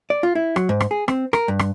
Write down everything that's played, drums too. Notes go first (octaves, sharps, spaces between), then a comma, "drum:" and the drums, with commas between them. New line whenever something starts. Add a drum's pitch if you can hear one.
D5
F4
E4
F#3, drum: rim click
G#2
drum: rim click
G#4
C4, drum: rim click
A#4, drum: rim click
G2
drum: rim click